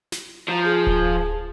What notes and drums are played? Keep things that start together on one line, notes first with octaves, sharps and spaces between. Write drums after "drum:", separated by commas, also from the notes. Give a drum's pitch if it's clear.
drum: snare
F3 A#5
G#4
drum: kick D1